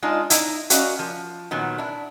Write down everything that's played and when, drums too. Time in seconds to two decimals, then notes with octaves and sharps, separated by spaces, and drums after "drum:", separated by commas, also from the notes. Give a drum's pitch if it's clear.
0.02 G#3 D4 D#4 F4
0.30 D#4 E4, drum: hi-hat
0.70 C#4 F#4 A#4 D5 D#5 F5, drum: hi-hat
0.99 F3
1.51 A#2 D#3 F#3 B3
1.78 D4 E4